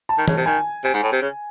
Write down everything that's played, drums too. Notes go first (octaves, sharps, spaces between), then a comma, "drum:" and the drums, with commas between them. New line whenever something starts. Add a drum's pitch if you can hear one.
A5
D#3
C#3, drum: tom
C3
D#3 G#5
C3 G#5
G#2
A2
C3
C#3